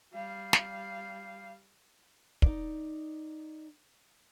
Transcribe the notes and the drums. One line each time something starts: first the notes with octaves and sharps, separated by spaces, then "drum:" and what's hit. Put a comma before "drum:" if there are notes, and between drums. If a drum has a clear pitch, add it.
G3 F5
drum: snare
D#4 D5, drum: kick